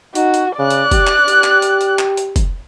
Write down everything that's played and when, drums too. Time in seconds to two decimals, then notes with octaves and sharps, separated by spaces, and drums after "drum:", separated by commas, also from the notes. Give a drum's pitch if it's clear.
0.15 D#4 F#4, drum: hi-hat
0.34 drum: hi-hat
0.58 C#3 D5 F#6
0.70 drum: hi-hat
0.91 G4, drum: kick, hi-hat
1.07 drum: clap
1.28 G4, drum: hi-hat
1.44 drum: clap
1.62 drum: hi-hat
1.81 drum: hi-hat
1.99 drum: clap
2.17 drum: hi-hat
2.36 drum: kick, hi-hat